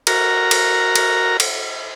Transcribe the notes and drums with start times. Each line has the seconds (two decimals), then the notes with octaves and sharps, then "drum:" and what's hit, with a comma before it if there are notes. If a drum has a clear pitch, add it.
0.07 F#4 A#4 A#5, drum: cymbal
0.51 drum: cymbal
0.96 drum: cymbal
1.40 drum: cymbal